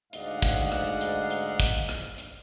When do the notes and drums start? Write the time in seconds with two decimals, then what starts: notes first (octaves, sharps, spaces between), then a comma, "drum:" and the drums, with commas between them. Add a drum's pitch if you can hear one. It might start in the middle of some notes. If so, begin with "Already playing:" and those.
0.13 D2 G#2 D5 D#5 F5 F#5, drum: hi-hat
0.42 drum: kick, hi-hat
0.72 drum: rim click
1.01 drum: hi-hat
1.30 drum: hi-hat
1.60 drum: kick, hi-hat
1.89 drum: rim click
2.18 drum: hi-hat